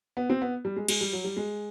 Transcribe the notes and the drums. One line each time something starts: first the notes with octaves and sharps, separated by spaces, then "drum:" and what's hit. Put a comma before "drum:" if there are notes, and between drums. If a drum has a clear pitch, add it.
B3
C4
B3
G3
G#3
G#3, drum: cymbal
G3
F#3
G3
G#3